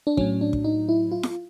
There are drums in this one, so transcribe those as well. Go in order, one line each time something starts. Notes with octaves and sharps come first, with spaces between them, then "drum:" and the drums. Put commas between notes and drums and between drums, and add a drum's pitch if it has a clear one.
D4
A2 F#3 C#4, drum: kick
D4
drum: kick
D#4
E4
F4
drum: snare